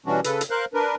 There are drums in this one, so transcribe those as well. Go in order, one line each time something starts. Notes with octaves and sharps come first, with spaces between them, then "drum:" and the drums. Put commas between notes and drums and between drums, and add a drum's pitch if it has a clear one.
B2 E3 G3 C#4 D4 F#4
C#3 A4 B4, drum: hi-hat
drum: hi-hat
A#4 C5 F5 F#6
D4 A#4 B4